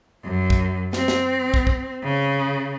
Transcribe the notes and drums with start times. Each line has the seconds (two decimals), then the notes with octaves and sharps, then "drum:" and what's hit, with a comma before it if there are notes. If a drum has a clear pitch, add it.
0.24 F#2
0.50 drum: kick
0.93 C4, drum: snare
1.08 drum: snare
1.54 drum: kick
1.67 drum: kick
2.04 C#3